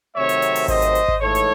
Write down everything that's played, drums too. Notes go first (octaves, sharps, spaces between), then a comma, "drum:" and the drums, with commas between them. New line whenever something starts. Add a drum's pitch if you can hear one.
C3 D#3 F#3 A3 C4 C#5 E5
drum: hi-hat
drum: hi-hat
drum: open hi-hat
C5 D#5, drum: kick G#1, hi-hat
drum: hi-hat
drum: hi-hat
drum: kick G#1
G#2 E3 A3 A4 C#5
drum: hi-hat